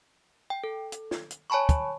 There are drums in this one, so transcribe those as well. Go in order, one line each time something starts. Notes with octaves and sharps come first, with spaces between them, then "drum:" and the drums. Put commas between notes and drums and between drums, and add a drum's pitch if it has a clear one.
G5
A4
drum: hi-hat
drum: snare
drum: hi-hat
C#5 G#5 A5 B5 C#6
drum: kick, hi-hat